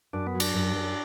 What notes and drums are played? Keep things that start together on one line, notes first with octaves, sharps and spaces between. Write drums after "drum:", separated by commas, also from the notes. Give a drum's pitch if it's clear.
F#2 D4
B3
F#3
D4, drum: cymbal
F#2
F#2